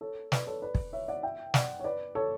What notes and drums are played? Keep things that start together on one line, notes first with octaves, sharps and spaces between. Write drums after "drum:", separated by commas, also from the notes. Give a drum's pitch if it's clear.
A4 C#5
B4 D5, drum: snare
A4 C#5
B4 D5
drum: kick
C#5 E5
D5 F#5
E5 G5
D5 F#5, drum: snare
C#5
B4 D5
A4 C#5